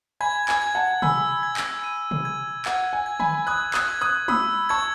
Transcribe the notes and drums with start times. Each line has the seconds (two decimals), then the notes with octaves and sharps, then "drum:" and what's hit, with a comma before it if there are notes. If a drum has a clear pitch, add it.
0.21 G#5 B5 G#6
0.49 G#5, drum: clap
0.62 G#6
0.75 F#5 A5
1.02 G#5 B5 E6, drum: tom B2
1.43 G#6
1.57 drum: clap
1.83 D#7
2.11 drum: tom B2
2.25 G#6
2.65 F#5 G#6, drum: clap
2.93 G#5
3.06 G#6
3.20 G#5 B5, drum: tom
3.47 D#6 F#6 G#6
3.74 D#6 F#6, drum: clap
3.88 G#6
4.01 D#6 F#6
4.28 B5 D#6 E6, drum: tom
4.69 A5 C#6 G#6